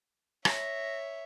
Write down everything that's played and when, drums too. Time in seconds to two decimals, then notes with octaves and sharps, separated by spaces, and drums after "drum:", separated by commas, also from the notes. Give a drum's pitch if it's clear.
0.45 C#5 E5 A#6, drum: rim click